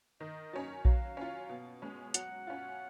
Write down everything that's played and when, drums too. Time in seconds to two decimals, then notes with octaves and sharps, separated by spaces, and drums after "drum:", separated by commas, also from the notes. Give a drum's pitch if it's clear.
0.20 D#3 D#5
0.53 F#3 C#4
0.85 F#3 F5, drum: kick A#1
1.17 C#4 F4
1.49 B2
1.82 G#3 C#4
2.14 F#3 F#5, drum: hi-hat
2.47 C#4 F4